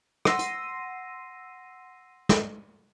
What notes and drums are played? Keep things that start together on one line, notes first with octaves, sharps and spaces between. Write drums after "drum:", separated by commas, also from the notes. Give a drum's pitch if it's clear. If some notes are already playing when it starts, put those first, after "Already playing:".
F#5 C6 E6 A#6 C7 D#7, drum: rim click
drum: hi-hat
drum: snare